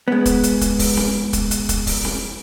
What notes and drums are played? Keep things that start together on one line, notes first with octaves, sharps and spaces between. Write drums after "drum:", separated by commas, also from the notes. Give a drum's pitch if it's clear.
G#3 B3
drum: kick, hi-hat
drum: hi-hat
drum: kick, hi-hat
drum: kick, open hi-hat
drum: snare C4
drum: kick, hi-hat
drum: hi-hat
drum: kick, hi-hat
drum: kick, open hi-hat
drum: snare C4